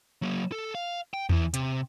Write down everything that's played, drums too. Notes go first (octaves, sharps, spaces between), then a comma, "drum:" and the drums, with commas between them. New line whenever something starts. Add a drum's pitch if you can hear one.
F#3 A#3
A4
F5
G5
E2 E3, drum: tom E2
C3, drum: hi-hat